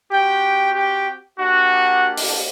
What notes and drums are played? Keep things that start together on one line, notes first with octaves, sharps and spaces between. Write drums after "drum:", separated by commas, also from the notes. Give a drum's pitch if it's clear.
C4 F#4 G4 G5
G4 G5
A#3 D4 F#4 G4 F#5
drum: open hi-hat